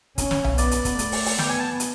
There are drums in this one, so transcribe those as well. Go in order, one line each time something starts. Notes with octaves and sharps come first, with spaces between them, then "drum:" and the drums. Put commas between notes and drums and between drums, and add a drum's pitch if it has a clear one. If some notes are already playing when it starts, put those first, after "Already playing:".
C#4, drum: kick, hi-hat
drum: snare
drum: tom B1
B3 D5, drum: hi-hat
drum: hi-hat
drum: kick, hi-hat
A3, drum: hi-hat
drum: open hi-hat
drum: open hi-hat
B3 G5, drum: snare
G#5
A5
drum: hi-hat